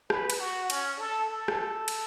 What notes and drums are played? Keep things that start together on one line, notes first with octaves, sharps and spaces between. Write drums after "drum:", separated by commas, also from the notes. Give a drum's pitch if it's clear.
B4, drum: rim click
drum: cymbal
F#4
C#4, drum: cymbal
A4
A4
drum: rim click
drum: cymbal